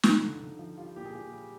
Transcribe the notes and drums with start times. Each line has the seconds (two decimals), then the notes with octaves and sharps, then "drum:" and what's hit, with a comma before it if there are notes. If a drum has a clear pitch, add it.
0.03 F3 D#4, drum: snare
0.22 D3
0.40 D3
0.59 F3
0.77 G3 F4
0.96 A#2 G4
1.05 G#4
1.14 A#2 G4
1.33 G3